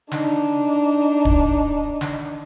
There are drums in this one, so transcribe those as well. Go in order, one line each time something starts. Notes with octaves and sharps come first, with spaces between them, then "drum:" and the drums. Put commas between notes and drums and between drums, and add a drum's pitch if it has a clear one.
D4 D#4, drum: snare
drum: kick D1
drum: snare